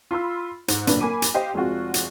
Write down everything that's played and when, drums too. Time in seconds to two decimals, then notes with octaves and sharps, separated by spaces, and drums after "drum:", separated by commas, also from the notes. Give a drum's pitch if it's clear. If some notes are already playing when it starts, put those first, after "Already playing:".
0.11 F4 B5 C6 E6
0.68 G#2, drum: hi-hat
0.87 F#1 A#2 D3 D4 B4, drum: hi-hat
1.00 A#3 G#5 B5 D6 D#7
1.22 drum: hi-hat
1.34 G4 C5 D#5 F5
1.54 F1 G#3 C4 F4 F#4
1.94 drum: hi-hat